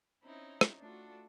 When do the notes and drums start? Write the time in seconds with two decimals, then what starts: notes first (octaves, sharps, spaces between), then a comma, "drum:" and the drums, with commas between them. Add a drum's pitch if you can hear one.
0.23 C4 C#4 D#4 E4
0.61 drum: rim click
0.79 A3 D4 F4 F#4 A4